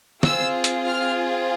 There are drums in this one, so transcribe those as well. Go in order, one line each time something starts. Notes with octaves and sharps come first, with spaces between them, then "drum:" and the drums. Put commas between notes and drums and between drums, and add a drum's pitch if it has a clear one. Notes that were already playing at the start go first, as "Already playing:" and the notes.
C4 F4 G#4 E6, drum: snare
drum: hi-hat
F6